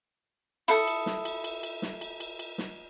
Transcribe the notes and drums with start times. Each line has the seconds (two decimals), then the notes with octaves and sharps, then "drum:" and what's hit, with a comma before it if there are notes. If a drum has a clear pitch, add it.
0.68 E4 A4 D#6, drum: cymbal
0.87 drum: cymbal
1.06 drum: snare
1.25 drum: cymbal
1.44 drum: cymbal
1.63 drum: cymbal
1.82 drum: snare
2.01 drum: cymbal
2.20 drum: cymbal
2.39 drum: cymbal
2.58 drum: snare